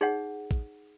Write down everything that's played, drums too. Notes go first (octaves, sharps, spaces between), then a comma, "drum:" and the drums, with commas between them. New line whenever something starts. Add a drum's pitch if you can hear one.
D#4 G#4 C#5 F#5
drum: kick A1